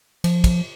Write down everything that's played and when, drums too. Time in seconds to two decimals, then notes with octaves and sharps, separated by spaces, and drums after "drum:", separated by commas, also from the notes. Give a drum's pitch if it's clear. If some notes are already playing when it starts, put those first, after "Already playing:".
0.24 F3, drum: cymbal
0.44 drum: kick, cymbal